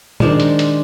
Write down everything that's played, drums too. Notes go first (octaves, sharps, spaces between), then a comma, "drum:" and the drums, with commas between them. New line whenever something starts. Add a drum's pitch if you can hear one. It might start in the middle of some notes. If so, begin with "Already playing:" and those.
D#3 G#3 D4 C5, drum: tom
drum: hi-hat
drum: hi-hat